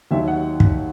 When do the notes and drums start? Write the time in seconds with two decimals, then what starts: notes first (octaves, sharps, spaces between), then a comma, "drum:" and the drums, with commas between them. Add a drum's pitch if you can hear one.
0.11 D#2 D#3 F#3 E5
0.28 F#5
0.60 drum: kick